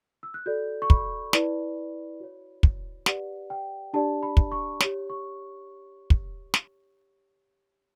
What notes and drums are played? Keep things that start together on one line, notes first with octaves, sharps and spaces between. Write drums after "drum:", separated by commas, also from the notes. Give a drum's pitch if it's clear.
E6
F#6
F#4 A4 D5 G6
C#6
B5, drum: kick
E4 B4 D5, drum: snare
F#4 C#5
drum: kick
G4 B4 D5 F#5, drum: snare
G5
D4 G4 D5 A5
B5
drum: kick
C#6
G4 C#5, drum: snare
C#6
drum: kick
drum: snare